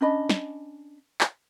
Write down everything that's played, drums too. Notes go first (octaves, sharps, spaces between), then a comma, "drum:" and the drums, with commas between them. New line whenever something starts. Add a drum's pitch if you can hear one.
C#4 D4 D#5 B5
drum: snare
drum: clap